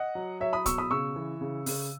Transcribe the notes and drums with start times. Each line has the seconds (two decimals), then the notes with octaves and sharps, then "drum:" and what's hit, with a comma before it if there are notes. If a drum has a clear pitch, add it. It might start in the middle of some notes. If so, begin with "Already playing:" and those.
Already playing: D#5 F#5
0.15 F#3
0.40 F#3 C#5 E5
0.53 B5 D#6
0.66 B2 C#6 E6, drum: kick, hi-hat
0.78 B5 D#6
0.91 C#3 C#6 E6
1.16 E3
1.41 C#3
1.66 C#3, drum: open hi-hat